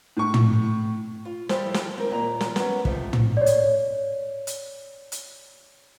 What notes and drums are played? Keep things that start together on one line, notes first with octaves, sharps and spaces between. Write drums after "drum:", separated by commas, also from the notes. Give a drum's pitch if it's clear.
A2 C#6
drum: tom
F4
F3 G3 E4 G4 A4 C5, drum: snare
drum: snare
C4 A#4
D#2 A#2 A#5
drum: snare
B3 C#4, drum: snare
G#2 C3 F3 A3, drum: kick
drum: tom
C#5 D5
drum: hi-hat
drum: hi-hat
drum: hi-hat